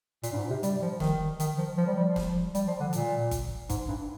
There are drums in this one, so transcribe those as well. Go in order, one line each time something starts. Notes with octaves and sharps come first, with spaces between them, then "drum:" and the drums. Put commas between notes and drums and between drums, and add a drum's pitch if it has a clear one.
A#2, drum: hi-hat
G2
G#2
C3
G3, drum: hi-hat
F3
D#3, drum: snare
D#3, drum: hi-hat
F3
F3
G3
G3
F3
drum: snare
G3, drum: hi-hat
F3
D3
A#2, drum: hi-hat
drum: kick G1, hi-hat
G#2, drum: kick G1, hi-hat
G2